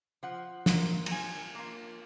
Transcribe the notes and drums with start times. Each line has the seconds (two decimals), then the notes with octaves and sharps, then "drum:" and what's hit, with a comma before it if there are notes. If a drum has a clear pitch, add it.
0.23 F3 F#5
0.66 A#3 F4, drum: snare
1.06 A#5, drum: cymbal
1.11 F3 G#5
1.55 A#3 F4